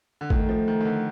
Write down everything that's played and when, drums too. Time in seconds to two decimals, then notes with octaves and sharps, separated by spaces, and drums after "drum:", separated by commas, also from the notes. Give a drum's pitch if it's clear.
0.21 D3
0.30 D#3 A3, drum: kick
0.49 F3
0.68 D#3
0.81 D#3
0.85 D3